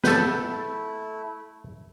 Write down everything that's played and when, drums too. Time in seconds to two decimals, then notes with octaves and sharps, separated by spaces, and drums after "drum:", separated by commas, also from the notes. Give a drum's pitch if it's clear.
0.04 A3 E4 A4 B4 G6, drum: snare